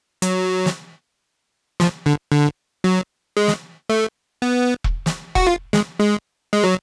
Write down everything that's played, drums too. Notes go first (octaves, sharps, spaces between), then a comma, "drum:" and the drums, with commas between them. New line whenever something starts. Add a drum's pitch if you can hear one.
F#3, drum: hi-hat
drum: snare
F3, drum: snare
D3
D3
F#3
G#3
drum: snare
A3
B3
drum: kick E1
drum: snare
F#4, drum: kick E1
F4
G#3, drum: snare
G#3
G#3
F#3